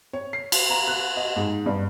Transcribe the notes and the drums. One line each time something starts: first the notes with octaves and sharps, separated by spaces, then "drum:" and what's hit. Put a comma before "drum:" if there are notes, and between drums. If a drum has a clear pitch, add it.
C#5
C7
drum: cymbal
A#5
F#6
D#5
G#2
G2